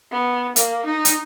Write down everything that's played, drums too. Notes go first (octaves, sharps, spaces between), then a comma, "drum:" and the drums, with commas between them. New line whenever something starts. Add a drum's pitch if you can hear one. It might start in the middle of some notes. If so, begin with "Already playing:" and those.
B3
A#3, drum: hi-hat
D#4
drum: hi-hat